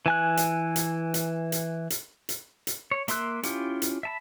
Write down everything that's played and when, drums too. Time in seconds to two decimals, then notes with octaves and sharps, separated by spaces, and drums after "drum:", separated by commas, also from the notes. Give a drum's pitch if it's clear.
0.06 E3 G#5 F#6
0.37 drum: hi-hat
0.76 drum: hi-hat
1.14 drum: hi-hat
1.52 drum: hi-hat
1.90 drum: hi-hat
2.29 drum: hi-hat
2.67 drum: hi-hat
2.91 C#5
3.08 A#3 E5 C6 E6 F#6, drum: hi-hat
3.43 C#4 E4 F4 G4, drum: hi-hat
3.82 drum: hi-hat
4.03 E5 A5 B5